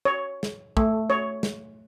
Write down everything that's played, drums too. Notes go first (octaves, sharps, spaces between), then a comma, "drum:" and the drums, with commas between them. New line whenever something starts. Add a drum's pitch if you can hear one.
C#5
drum: snare
A3, drum: kick
C#5
drum: snare